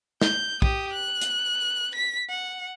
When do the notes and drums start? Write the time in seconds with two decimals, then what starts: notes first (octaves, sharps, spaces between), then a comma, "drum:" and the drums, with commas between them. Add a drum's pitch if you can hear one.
0.22 G6, drum: snare
0.62 G4 D#6, drum: kick
0.93 F#6
1.21 drum: hi-hat
1.95 B6
2.29 F#5